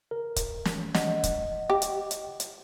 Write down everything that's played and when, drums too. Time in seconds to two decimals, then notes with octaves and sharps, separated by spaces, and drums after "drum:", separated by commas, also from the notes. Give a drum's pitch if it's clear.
0.11 A#4
0.36 drum: kick, hi-hat
0.65 drum: snare
0.94 D#5 F#5, drum: snare
1.24 drum: kick, hi-hat
1.70 G4
1.82 drum: hi-hat
2.11 drum: hi-hat
2.40 drum: hi-hat